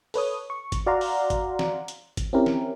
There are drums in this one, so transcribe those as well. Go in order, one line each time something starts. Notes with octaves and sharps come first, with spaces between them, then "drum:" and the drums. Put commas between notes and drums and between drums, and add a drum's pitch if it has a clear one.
A4 B4 C#5 D#6, drum: open hi-hat
C#6
drum: kick G#1, hi-hat
F#4 D5 F5 F#5 A#5 C6
drum: open hi-hat
drum: kick G#1, hi-hat
drum: snare
drum: hi-hat
drum: kick G#1, hi-hat
C4 C#4 E4 G4 A#4
drum: snare